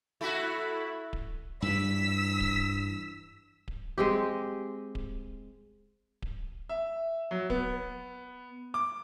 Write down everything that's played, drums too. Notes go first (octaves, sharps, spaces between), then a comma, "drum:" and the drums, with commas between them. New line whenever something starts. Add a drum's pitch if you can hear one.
A3 E4 F#4 B5
drum: kick D1
G2 E3 E6 B6
drum: kick D1
drum: kick D1
G#3 C4 G4
drum: kick D1
drum: kick D1
E5
F#3
B3, drum: kick D1
D6